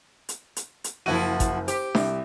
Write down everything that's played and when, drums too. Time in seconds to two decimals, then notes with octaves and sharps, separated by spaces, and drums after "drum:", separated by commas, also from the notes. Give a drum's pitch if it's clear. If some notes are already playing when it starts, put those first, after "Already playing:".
0.29 drum: hi-hat
0.56 drum: hi-hat
0.84 drum: hi-hat
1.06 F#1 F3 E4 F#4 D#7
1.40 drum: kick, hi-hat
1.68 G4 C5, drum: hi-hat
1.95 C2, drum: snare D4